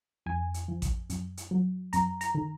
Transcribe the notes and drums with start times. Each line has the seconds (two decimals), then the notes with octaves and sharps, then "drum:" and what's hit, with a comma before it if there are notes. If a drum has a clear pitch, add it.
0.26 F2 G#5
0.54 drum: hi-hat
0.68 F3
0.82 drum: kick A1, hi-hat
1.10 F#2, drum: hi-hat
1.37 drum: hi-hat
1.51 F#3
1.93 F#2 A#5, drum: hi-hat
2.21 A#5, drum: hi-hat
2.34 D#3